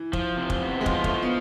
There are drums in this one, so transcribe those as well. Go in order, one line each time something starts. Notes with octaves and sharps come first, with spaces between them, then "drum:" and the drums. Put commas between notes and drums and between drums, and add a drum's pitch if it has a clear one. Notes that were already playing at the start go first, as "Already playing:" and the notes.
Already playing: E3
F3, drum: kick
C3
drum: kick
B3
G#3
F3 F4, drum: kick
A3, drum: kick
F3
B3